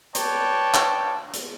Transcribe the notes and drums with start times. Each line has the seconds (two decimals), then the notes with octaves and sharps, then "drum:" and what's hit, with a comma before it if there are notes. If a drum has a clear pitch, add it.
0.15 B4 C#5 D5 G5 A5, drum: hi-hat
0.74 drum: clap
1.34 drum: hi-hat